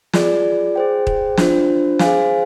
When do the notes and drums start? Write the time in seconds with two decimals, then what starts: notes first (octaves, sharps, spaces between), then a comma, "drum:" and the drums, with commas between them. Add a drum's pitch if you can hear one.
0.13 F4 G#4 D5, drum: snare
0.76 G#4 C5 G5
1.07 drum: kick D#1
1.37 D4 F4 C5, drum: snare
1.99 G#4 C5 F5 G#5, drum: snare